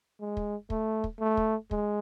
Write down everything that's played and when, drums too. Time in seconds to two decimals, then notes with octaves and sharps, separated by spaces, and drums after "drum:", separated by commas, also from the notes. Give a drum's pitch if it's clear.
0.20 G#3
0.37 drum: kick
0.70 A3, drum: kick
1.04 drum: kick
1.20 A3
1.37 drum: kick
1.71 G#3, drum: kick